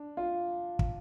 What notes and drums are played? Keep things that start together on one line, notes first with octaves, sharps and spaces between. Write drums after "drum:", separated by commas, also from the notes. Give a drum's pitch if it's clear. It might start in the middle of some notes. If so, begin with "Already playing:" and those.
Already playing: D4
F4
drum: kick